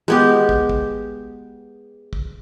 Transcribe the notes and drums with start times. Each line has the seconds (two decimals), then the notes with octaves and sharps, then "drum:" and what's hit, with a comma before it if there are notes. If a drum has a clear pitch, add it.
0.08 G#3 B3 G4
0.49 drum: kick
0.69 drum: kick
2.13 drum: kick